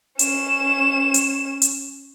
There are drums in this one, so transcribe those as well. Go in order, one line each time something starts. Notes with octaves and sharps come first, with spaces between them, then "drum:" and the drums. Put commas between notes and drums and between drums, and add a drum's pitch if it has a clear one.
C#4 E7, drum: hi-hat
drum: hi-hat
drum: hi-hat